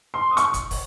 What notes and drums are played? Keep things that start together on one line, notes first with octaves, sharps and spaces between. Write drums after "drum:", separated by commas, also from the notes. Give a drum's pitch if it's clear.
C6
D#6
C#6, drum: hi-hat
drum: kick, hi-hat
drum: kick, open hi-hat